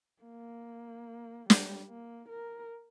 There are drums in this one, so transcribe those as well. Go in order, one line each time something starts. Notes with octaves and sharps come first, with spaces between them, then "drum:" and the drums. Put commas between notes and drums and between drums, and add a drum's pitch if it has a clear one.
A#3
G3, drum: snare
A#3
A#4